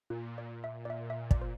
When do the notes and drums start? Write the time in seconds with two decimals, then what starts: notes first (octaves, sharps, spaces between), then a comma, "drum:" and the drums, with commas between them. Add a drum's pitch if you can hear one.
0.10 A#2 F4
0.38 D5
0.64 E5
0.85 D5
0.90 E5
1.10 E5
1.31 D5, drum: kick
1.41 C5